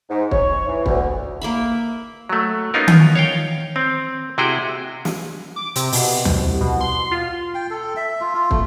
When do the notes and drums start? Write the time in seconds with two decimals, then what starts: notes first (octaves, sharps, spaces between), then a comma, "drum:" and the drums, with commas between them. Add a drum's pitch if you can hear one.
0.10 G#2
0.31 C#5, drum: kick
0.67 E3
0.86 D2, drum: kick
1.42 A#3 E5 B5
2.29 F#3 A3
2.74 B3 C#4 D#4 F4 A#4
2.88 drum: tom D#3
3.15 C#5 F5 G5
3.76 C4
4.38 C3 E4 F#4 G#4 G5
5.05 drum: snare
5.56 D6
5.76 C3, drum: hi-hat
5.92 B2, drum: open hi-hat
6.25 C2, drum: tom D#2
6.61 B2
6.80 C6
7.11 F4
7.55 G5
7.70 A4
7.96 E5
8.21 F4
8.35 F4
8.51 A3, drum: kick